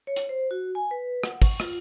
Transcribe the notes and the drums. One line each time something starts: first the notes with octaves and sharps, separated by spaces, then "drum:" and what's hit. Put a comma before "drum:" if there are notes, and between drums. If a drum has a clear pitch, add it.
C#5
drum: hi-hat
C5
F#4
G#5
B4
F#5, drum: rim click
C#6, drum: kick, open hi-hat
F4, drum: rim click